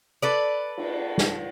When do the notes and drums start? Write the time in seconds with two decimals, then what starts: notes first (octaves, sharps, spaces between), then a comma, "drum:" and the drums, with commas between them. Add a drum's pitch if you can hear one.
0.22 A4 B4 D5
0.77 drum: cymbal
1.18 drum: snare